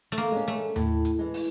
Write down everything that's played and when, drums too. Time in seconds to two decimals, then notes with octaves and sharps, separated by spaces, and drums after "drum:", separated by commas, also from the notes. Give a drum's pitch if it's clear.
0.12 A3
0.17 A#3
0.32 G#3 C#4
0.48 A3
0.76 A2, drum: tom D#2
1.05 drum: hi-hat
1.19 E3 G#3
1.34 drum: open hi-hat